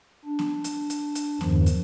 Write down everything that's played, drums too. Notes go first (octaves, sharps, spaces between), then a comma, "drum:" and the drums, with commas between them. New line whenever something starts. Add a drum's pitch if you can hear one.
D4
drum: snare B3
drum: hi-hat
drum: hi-hat
drum: hi-hat
E2 G2 D#3 F3, drum: snare B3
drum: hi-hat